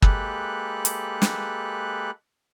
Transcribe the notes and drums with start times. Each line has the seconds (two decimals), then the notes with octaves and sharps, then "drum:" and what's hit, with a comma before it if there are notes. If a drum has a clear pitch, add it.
0.02 G#3 A#3 G4 A4 B4 F#6, drum: kick
0.85 drum: hi-hat
1.22 drum: snare